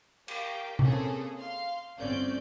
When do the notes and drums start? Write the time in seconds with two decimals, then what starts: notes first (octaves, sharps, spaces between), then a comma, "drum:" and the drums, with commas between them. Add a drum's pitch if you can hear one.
0.28 G4 A#4 F5 G5, drum: cymbal
0.79 C#3 A#3 C4 C#4 G#4 A4, drum: tom C3
1.39 F5 C6
1.99 G1 A3 C4 C#4 D5 G6